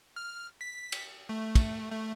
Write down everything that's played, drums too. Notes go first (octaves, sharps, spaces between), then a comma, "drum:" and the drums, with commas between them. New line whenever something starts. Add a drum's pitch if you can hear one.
F6
B6
drum: cymbal
A3
drum: kick, cymbal
A3